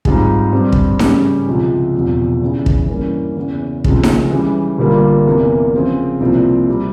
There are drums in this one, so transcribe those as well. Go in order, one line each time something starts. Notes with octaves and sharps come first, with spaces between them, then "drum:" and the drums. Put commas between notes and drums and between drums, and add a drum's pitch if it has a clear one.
G#2 G3 C4 F4 G#4, drum: kick
G2 G3 C4
drum: kick
C#3 G3 C#4 G4, drum: snare D#4
C#2 C3 F3 G#3
E1 E2 C3 F3
E2 C#3 E3
drum: kick
G2 E3 A#3 C#4 E4
E2 C#3 E3
C#2 C3 F3 G#3 C#4, drum: kick
drum: snare D#4
C#3 E3 G3
G1 G2 G3 A#3 F4
E2 C3 E3 A#3
C#3 F3 C4 F4 G#4
C2 A#2 F3 C4 E4
C3 G3 C4